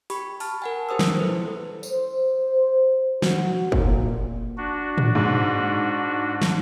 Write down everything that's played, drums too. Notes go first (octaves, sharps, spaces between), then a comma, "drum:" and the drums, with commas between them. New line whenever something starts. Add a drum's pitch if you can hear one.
G4 B5 C#6, drum: open hi-hat
A5 F6, drum: open hi-hat
A#4 F#5 G#5
G4 G#4 C5 D#6 E6
drum: snare
E4 A4 B4
C5, drum: tambourine
F#4, drum: snare
A#2, drum: kick
D4 F#4
drum: tom A2
G#2
drum: snare